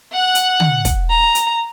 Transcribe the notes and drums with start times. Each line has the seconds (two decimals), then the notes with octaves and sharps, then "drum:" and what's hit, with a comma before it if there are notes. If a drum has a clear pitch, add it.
0.12 F#5 F#6
0.35 drum: hi-hat
0.60 drum: tom
0.85 drum: kick, hi-hat
1.10 A#5
1.35 drum: hi-hat